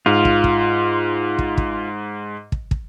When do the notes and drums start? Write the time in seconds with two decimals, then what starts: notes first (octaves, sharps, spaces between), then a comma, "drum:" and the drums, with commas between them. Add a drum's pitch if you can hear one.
0.06 G#2 F4
0.25 drum: kick
0.44 drum: kick
1.39 drum: kick
1.57 drum: kick
2.52 drum: kick
2.71 drum: kick